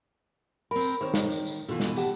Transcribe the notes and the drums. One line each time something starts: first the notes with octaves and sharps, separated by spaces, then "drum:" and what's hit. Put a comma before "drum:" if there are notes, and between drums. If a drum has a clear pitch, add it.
C4 A#4 B5
drum: tambourine
D#3 A#4 C5 C#5
drum: snare
drum: tambourine
drum: tambourine
B2 E3 F4 A4
drum: snare
G4 F#5 A5, drum: tambourine